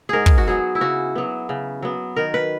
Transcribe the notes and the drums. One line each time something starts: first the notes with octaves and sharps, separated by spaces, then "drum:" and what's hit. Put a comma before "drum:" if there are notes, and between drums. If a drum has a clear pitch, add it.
G#2 G#4 A#4
drum: kick
F#4
F#3 B3 G#4
E4
C#3 F#4
F#3 B3
C#3
F#3 B3
D#3 A#4
B4